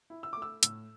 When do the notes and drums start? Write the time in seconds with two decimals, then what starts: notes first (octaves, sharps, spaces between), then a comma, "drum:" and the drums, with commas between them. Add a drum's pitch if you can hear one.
0.10 E4
0.23 E6
0.33 A3 D6
0.42 E6
0.63 A2 E6, drum: hi-hat